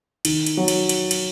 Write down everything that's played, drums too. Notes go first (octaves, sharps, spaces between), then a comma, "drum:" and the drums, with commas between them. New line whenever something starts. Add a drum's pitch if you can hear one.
D#3, drum: cymbal
drum: cymbal
F#3
drum: cymbal
drum: cymbal
drum: cymbal